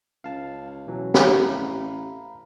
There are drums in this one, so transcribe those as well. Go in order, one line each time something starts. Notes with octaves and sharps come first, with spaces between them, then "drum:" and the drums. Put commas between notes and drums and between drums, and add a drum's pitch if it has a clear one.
C#2 F5 A5
B2 E3 F#3
A1 F5 A#5 B5, drum: snare